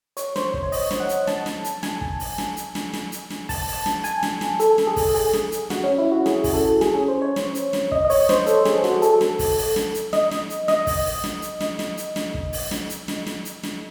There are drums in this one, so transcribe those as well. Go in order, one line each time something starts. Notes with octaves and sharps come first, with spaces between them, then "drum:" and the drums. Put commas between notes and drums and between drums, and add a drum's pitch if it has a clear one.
C#5, drum: hi-hat
C5, drum: snare
drum: kick
C#5
D#5, drum: open hi-hat
drum: snare
F#5
drum: hi-hat
A5, drum: snare
drum: snare
drum: hi-hat
G#5, drum: snare
drum: kick
drum: open hi-hat
drum: snare
drum: hi-hat
drum: snare
drum: snare
drum: hi-hat
drum: snare
A5, drum: kick, open hi-hat
drum: open hi-hat
drum: snare
G#5, drum: hi-hat
drum: snare
drum: snare
A4, drum: hi-hat
drum: snare
G#4
drum: kick, open hi-hat
G#4, drum: open hi-hat
drum: snare
drum: hi-hat
F#4, drum: snare
C#4
E4
F#4
G#4, drum: snare
drum: kick, open hi-hat
A4
G#4, drum: snare
C#4
C5
C#5
drum: snare
drum: hi-hat
drum: snare
D#5, drum: kick
D#5
C#5, drum: open hi-hat
C5, drum: snare
A4, drum: hi-hat
G#4, drum: snare
F#4, drum: snare
A4, drum: hi-hat
drum: snare
drum: kick, open hi-hat
drum: open hi-hat
drum: snare
drum: hi-hat
D#5, drum: snare
drum: snare
drum: hi-hat
D#5, drum: snare
drum: kick, open hi-hat
drum: open hi-hat
drum: snare
drum: hi-hat
drum: snare
drum: snare
drum: hi-hat
drum: snare
drum: kick
drum: open hi-hat
drum: snare
drum: hi-hat
drum: snare
drum: snare
drum: hi-hat
drum: snare